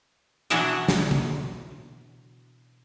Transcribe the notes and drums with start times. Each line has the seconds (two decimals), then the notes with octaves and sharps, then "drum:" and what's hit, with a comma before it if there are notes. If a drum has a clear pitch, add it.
0.50 B2 E3 F#3 C#4 D4 G#4, drum: hi-hat
0.88 drum: snare
1.11 drum: tom C#3